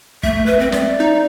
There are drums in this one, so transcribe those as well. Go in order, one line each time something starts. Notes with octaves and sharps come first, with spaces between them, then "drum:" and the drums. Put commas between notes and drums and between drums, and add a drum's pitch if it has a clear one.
A3 E5, drum: kick
B4
C4
D5, drum: snare
D#4